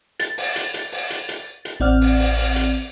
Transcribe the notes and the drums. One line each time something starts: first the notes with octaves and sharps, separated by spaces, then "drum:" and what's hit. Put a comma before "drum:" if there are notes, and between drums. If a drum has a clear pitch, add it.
A6, drum: hi-hat
drum: open hi-hat
drum: hi-hat
drum: hi-hat
drum: open hi-hat
drum: hi-hat
drum: hi-hat
drum: hi-hat
A1 C4 D5 F#5 F6
drum: open hi-hat
drum: open hi-hat
drum: open hi-hat
drum: hi-hat